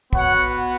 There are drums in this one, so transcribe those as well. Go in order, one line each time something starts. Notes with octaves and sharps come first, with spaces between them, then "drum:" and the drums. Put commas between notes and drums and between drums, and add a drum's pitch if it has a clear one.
B3 F#4 C#5 F#5, drum: kick